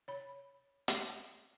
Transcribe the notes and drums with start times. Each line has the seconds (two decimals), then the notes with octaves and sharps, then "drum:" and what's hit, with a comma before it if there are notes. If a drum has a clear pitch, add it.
0.08 C#5 B5
0.88 drum: hi-hat